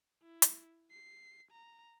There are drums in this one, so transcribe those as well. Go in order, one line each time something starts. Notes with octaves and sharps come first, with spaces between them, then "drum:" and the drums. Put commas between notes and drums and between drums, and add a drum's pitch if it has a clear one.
E4
drum: hi-hat
C7
A#5